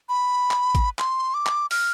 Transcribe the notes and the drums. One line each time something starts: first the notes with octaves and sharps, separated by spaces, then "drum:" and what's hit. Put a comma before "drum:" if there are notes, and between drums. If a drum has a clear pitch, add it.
B5
drum: clap
drum: kick, hi-hat
C6, drum: clap
D6
drum: clap
F6, drum: open hi-hat